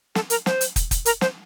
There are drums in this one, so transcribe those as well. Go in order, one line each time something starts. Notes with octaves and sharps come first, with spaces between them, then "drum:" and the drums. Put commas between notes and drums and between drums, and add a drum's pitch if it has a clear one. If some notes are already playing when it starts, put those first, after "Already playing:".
A4, drum: snare
A#4, drum: hi-hat
C5, drum: snare
drum: hi-hat
drum: kick, hi-hat
drum: kick, hi-hat
A#4, drum: hi-hat
C5, drum: snare